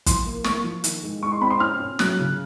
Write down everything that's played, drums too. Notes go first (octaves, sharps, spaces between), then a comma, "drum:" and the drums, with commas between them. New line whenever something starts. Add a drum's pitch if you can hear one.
F3 C6, drum: kick, hi-hat
A#3
A#3 C#6, drum: snare
F3
D#3, drum: hi-hat
G#3
G#3 C#6
C6
C4 B5
C6
C#4 F6
C#4
F#3 F#6, drum: snare
C#3